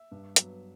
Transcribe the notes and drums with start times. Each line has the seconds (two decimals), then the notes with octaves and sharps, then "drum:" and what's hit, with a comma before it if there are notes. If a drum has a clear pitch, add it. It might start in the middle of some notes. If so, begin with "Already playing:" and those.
Already playing: E5
0.11 G2
0.36 F#3 B3, drum: hi-hat